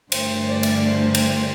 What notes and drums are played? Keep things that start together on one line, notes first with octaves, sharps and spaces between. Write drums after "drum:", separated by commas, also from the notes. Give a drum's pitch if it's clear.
G2 D3 A3 C5, drum: cymbal
D5
drum: cymbal
C5
drum: cymbal